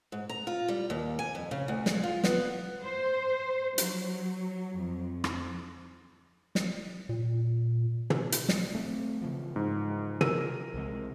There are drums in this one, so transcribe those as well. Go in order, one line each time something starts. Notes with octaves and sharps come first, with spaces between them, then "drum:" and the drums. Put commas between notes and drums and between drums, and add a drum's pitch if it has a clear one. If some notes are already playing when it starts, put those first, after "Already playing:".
G#2
A#5
F4
G3
D#2
G#5
F2
C#3
D2
G#3, drum: snare
F4
B3, drum: snare
C5
F#3, drum: hi-hat
F2
drum: rim click
drum: snare
A#2
drum: tom
drum: hi-hat
drum: snare
A3 C4
C#3 E3 F3
G#2
A#4 E6 D#7, drum: tom
C2 C3 G#3